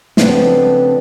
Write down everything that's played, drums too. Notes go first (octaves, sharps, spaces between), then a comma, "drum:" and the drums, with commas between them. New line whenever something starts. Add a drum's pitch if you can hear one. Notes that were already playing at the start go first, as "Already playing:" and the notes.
C#3 F3 A3 B3 C4 D4, drum: snare